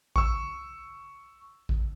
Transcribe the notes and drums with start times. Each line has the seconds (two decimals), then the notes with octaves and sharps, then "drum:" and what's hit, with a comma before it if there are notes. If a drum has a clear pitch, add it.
0.16 C#6 E6, drum: kick A1
1.69 drum: kick A1